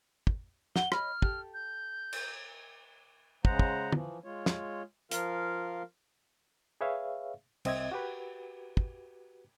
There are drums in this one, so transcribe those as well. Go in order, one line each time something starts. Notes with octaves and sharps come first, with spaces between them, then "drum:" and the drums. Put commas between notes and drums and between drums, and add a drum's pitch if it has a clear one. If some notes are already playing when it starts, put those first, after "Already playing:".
drum: kick
F#5 G7, drum: snare
C#5 D#5 B5 F6, drum: rim click
G4 A4, drum: kick
G6
drum: cymbal
C#3 G#3 C5 F#5 A#5, drum: kick
drum: kick
E3 F3, drum: tom
G#3 F4 C#5
drum: snare
F3 F4 A#4 F5, drum: hi-hat
G#4 B4 C#5 E5 F5
C2 C4 D#5 E5 G#6, drum: cymbal
F#4 G4 B4
drum: kick